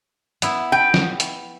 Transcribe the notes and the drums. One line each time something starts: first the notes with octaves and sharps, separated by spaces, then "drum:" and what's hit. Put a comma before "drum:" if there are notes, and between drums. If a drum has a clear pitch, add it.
B3 E4, drum: hi-hat
B4 G5
drum: snare
drum: hi-hat